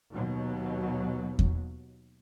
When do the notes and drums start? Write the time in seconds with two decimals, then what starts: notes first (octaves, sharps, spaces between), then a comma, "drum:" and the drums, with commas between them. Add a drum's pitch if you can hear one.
0.11 D#2 B2 F#3
1.39 drum: kick E2